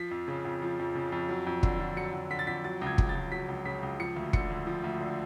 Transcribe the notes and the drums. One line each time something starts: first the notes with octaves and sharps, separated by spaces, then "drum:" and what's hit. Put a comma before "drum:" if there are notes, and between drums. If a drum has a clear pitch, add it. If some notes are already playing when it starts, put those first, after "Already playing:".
Already playing: F3 B6
F2
C#3
F2
F3
F2
C#3
F2
F#3
F2
D3, drum: kick
F2
F#3 C#7
F2
D3 B6
A6
F2 B6
F#3 A6
C#2
G#6
C#3, drum: kick
A6
C#2
F#3 B6
C#2
C#3 B6
C#2
F3 C#7
D2
D3 C#7, drum: kick
D2
F3
D2
D3